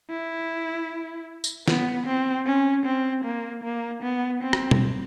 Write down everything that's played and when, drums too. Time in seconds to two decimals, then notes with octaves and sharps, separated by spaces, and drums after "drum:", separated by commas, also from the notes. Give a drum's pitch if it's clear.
0.10 E4
1.44 drum: tambourine
1.68 B3, drum: snare
2.06 C4
2.46 C#4
2.86 C4
3.25 A#3
3.64 A#3
4.03 B3
4.43 C4
4.53 drum: rim click
4.71 drum: tom